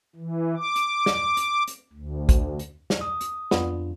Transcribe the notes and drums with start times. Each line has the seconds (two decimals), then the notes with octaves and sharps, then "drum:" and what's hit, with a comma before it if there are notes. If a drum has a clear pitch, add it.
0.16 E3
0.57 D6
0.76 drum: hi-hat
1.06 drum: snare
1.37 drum: hi-hat
1.68 drum: hi-hat
1.93 D2
2.29 drum: kick, hi-hat
2.59 drum: hi-hat
2.90 drum: snare
3.01 D#6
3.21 drum: hi-hat
3.51 F2 B3 D4 F4, drum: snare